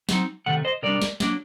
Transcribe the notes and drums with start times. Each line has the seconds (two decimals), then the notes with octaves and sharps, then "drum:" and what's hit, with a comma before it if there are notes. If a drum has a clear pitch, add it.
0.09 F#3 C4 D#4, drum: snare
0.46 C3 D#3 A3 F#5
0.65 C5 D#5
0.83 C3 G3 D4 A#4 D5
1.02 drum: snare
1.20 F#3 A#3 D4, drum: snare